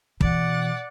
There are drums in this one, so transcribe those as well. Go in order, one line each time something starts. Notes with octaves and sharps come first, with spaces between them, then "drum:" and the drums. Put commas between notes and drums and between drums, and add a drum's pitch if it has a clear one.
B2 E3 D5 F#5, drum: kick